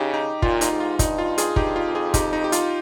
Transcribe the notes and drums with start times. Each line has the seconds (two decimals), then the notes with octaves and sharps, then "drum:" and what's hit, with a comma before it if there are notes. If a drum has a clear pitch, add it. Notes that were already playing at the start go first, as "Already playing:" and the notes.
Already playing: C#3 D#4 G4
0.14 D#4
0.42 A#2 F4, drum: kick
0.61 D#4, drum: hi-hat
0.71 G#2
0.80 F4
0.99 G2 D#4, drum: kick, hi-hat
1.18 F4
1.38 F4 G#4, drum: hi-hat
1.56 G2 D#4 G4, drum: kick
1.76 F4
1.86 F2
1.95 F4 G#4
2.14 D#4 G4, drum: kick, hi-hat
2.33 D#4
2.44 G4
2.52 F4, drum: hi-hat